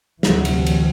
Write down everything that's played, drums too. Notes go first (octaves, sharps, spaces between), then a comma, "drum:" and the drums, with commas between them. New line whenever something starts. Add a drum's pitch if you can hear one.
D2 C3 E3 F#3, drum: snare
drum: cymbal
drum: cymbal